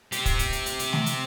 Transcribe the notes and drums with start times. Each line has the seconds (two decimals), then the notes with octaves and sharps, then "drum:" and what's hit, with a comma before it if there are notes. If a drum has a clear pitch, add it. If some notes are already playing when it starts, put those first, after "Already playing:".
0.12 C4 G4, drum: hi-hat
0.26 drum: kick, hi-hat
0.39 drum: hi-hat
0.52 drum: hi-hat
0.66 drum: hi-hat
0.79 drum: hi-hat
0.93 drum: snare A3
1.06 drum: hi-hat